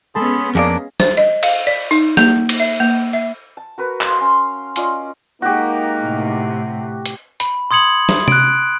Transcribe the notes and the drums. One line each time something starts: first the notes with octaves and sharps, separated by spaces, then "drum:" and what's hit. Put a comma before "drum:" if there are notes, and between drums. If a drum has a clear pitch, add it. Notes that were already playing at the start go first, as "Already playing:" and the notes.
G#3 B3 C#4 G#4 A4 A5 B5 C6
F2 A#3 D4 F#4 G#4 D5 D#5 F5
C5, drum: snare
D#5
F5, drum: cymbal
D5
D#4, drum: tambourine
A#3, drum: snare
drum: cymbal
E5
A#3
E5
A5
F#4 A#4 B4
C5 F5, drum: clap
C#4 C6
C#4 F4 D5 D#5, drum: hi-hat
G#3 A#3 D#4 F#4 G4
A2 C3
drum: hi-hat
B5, drum: hi-hat
C6 D#6 G#6 C#7 F#7
drum: snare
F#6 D7, drum: tom C3